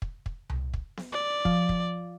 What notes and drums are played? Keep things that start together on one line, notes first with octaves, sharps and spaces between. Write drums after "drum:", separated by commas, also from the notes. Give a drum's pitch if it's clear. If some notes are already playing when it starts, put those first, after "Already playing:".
drum: kick
drum: kick
drum: tom C2
drum: kick
drum: snare B3
D5
F3, drum: kick
drum: kick